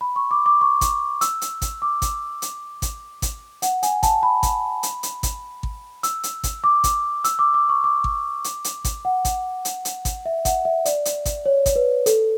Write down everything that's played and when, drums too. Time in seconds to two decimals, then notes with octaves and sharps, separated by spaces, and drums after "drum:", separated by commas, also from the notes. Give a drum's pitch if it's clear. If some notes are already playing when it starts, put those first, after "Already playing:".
0.01 B5
0.16 C#6
0.31 D6
0.46 D6
0.61 C#6
0.81 drum: kick G#1, hi-hat
1.21 E6, drum: hi-hat
1.42 drum: hi-hat
1.62 drum: kick G#1, hi-hat
1.82 D6
2.02 drum: kick G#1, hi-hat
2.42 drum: hi-hat
2.82 drum: kick G#1, hi-hat
3.22 drum: kick G#1, hi-hat
3.62 F#5, drum: hi-hat
3.83 G#5, drum: hi-hat
4.03 A5, drum: kick G#1, hi-hat
4.23 B5
4.43 drum: kick G#1, hi-hat
4.83 drum: hi-hat
5.03 drum: hi-hat
5.23 drum: kick G#1, hi-hat
5.63 drum: kick G#1
6.03 E6, drum: hi-hat
6.23 drum: hi-hat
6.44 drum: kick G#1, hi-hat
6.64 D6
6.84 drum: kick G#1, hi-hat
7.24 E6, drum: hi-hat
7.39 D6
7.54 D6
7.69 C#6
7.84 D6
8.04 drum: kick G#1
8.44 drum: hi-hat
8.64 drum: hi-hat
8.85 drum: kick G#1, hi-hat
9.05 F#5
9.25 drum: kick G#1, hi-hat
9.65 drum: hi-hat
9.85 drum: hi-hat
10.05 drum: kick G#1, hi-hat
10.26 E5
10.45 F#5, drum: kick G#1, hi-hat
10.65 E5
10.85 D5, drum: hi-hat
11.05 drum: hi-hat
11.25 drum: kick G#1, hi-hat
11.46 C#5
11.66 drum: kick G#1, hi-hat
11.76 B4
12.06 A4, drum: hi-hat